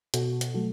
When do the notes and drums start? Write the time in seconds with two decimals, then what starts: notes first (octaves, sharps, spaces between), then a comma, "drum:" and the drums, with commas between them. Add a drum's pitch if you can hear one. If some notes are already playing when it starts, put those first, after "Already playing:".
0.14 B2 F#4 A4, drum: hi-hat
0.41 drum: hi-hat
0.54 F#3 A3 F#4 A4